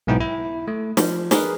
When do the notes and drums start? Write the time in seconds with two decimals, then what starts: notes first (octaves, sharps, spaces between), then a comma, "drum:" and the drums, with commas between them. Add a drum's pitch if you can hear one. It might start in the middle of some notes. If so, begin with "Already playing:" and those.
0.07 B1 G#2 B3 D#4 E4 G5
0.21 E4
0.68 A3
0.97 F3, drum: snare
1.31 G#4 A#4 B4, drum: snare